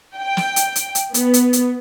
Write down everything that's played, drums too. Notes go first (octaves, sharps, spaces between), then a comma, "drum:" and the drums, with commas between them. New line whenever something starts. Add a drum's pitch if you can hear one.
G5
drum: snare
drum: hi-hat
drum: hi-hat
drum: hi-hat
B3, drum: hi-hat
drum: hi-hat
drum: hi-hat